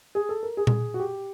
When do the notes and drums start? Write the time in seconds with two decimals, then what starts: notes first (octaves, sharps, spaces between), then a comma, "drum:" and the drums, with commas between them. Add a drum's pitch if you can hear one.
0.15 G#4
0.29 A4
0.43 A#4
0.57 G#4
0.67 drum: tom A#2
0.94 F#4
1.00 G4